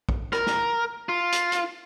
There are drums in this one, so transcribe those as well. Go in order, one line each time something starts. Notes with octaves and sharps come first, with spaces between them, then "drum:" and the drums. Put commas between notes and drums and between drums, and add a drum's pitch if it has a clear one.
drum: kick
A#4, drum: rim click
drum: snare
F4
drum: hi-hat
drum: hi-hat